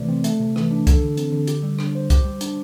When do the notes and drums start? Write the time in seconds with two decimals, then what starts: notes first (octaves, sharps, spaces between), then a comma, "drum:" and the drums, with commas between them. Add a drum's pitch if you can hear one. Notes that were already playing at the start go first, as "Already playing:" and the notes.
Already playing: C3 E3 A3 D5
0.09 C4
0.24 A3, drum: hi-hat
0.40 C3
0.56 E3, drum: rim click
0.71 D4
0.87 A4, drum: kick, hi-hat
1.01 D3
1.17 C4, drum: hi-hat
1.32 D3
1.48 G4, drum: hi-hat
1.63 G3
1.79 D4, drum: rim click
1.95 C5
2.10 G4, drum: kick, hi-hat
2.25 G3
2.41 D4, drum: hi-hat